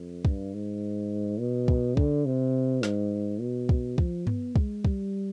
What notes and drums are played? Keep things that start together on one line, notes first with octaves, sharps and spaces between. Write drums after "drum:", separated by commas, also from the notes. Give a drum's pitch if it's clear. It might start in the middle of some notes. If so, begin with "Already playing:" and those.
Already playing: F2
G2, drum: kick
G#2
B2
drum: kick
D3, drum: kick
C3
G#2, drum: snare
B2
drum: kick
F3, drum: kick
B3, drum: tom G2
G#3, drum: kick
G3, drum: kick